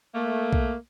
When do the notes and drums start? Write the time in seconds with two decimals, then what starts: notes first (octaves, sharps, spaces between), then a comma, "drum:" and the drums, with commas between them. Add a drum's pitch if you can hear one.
0.15 A3 A#3
0.53 drum: kick B1